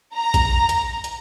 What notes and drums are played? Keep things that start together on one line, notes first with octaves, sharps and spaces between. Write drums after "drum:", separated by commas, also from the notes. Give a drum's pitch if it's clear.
A#5
drum: kick A#1, hi-hat
drum: hi-hat
drum: hi-hat